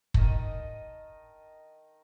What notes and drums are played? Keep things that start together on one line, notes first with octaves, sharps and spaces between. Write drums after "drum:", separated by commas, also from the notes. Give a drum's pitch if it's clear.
D#3 D#5 A5, drum: kick